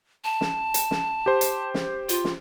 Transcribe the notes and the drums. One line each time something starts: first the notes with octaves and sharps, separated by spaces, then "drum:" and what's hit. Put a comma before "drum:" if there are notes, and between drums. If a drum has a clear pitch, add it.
A5
drum: snare
drum: hi-hat
drum: snare
G4 C5
drum: hi-hat
drum: snare
F4, drum: hi-hat
drum: snare